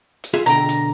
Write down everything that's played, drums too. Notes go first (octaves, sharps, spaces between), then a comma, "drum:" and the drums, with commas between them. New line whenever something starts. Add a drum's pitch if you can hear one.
drum: hi-hat
F4 G#4 E5
B2 D3 G5 A#5, drum: hi-hat
drum: hi-hat